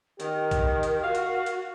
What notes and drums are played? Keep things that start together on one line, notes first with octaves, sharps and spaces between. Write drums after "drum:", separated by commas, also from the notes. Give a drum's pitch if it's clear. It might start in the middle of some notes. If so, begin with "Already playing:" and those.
D#3 G4 A#4, drum: hi-hat
drum: kick A#1, hi-hat
drum: hi-hat
F#4 F5
drum: hi-hat
drum: hi-hat